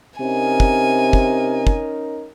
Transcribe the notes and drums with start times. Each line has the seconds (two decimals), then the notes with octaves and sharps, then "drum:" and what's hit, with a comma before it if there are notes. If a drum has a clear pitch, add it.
0.20 C3 C#4 D#4 A#4 G#5
0.60 drum: kick
1.13 drum: kick
1.67 drum: kick